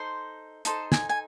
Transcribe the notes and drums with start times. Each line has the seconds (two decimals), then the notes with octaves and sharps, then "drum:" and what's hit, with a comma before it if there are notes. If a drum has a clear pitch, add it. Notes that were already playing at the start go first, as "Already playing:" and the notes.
Already playing: D#4 A4 C5 C6
0.65 D#4 A4 C5 A5, drum: hi-hat
0.92 G#5, drum: snare
1.09 G#5